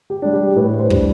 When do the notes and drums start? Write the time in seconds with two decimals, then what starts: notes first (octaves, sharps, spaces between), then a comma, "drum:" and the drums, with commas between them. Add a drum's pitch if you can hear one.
0.10 G4
0.22 G3 D4
0.33 G4
0.56 A2 B4
0.79 C5
0.90 G3 D4, drum: kick